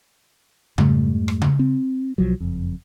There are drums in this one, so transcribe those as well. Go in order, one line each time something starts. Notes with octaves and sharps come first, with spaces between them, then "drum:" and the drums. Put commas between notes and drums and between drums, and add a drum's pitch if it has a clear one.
F2 G#2 G3 A3, drum: tom C#3
drum: rim click
drum: tom C#3
C4
B1 F3 F#3
F#1 F2